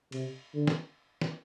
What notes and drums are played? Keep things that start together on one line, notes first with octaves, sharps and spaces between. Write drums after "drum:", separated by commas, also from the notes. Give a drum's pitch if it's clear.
C3, drum: cymbal
D3
drum: snare
drum: snare